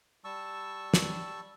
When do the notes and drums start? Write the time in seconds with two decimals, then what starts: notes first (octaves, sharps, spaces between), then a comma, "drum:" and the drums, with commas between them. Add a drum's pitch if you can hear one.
0.24 G3 A5 C#6 E6
0.94 drum: snare